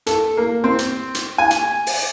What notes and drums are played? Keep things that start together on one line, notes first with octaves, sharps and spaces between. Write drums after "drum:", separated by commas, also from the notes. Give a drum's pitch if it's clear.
A4, drum: hi-hat
A#3
C4
drum: hi-hat
drum: hi-hat
G#5
drum: hi-hat
drum: open hi-hat